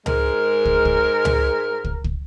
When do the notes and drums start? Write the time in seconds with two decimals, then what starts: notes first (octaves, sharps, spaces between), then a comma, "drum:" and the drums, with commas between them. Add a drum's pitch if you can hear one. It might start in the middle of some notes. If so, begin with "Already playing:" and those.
0.06 G#2 G#3 A#4, drum: tom C#2
0.65 drum: kick
0.85 drum: kick
1.25 drum: tom C#2
1.85 drum: kick
2.04 drum: kick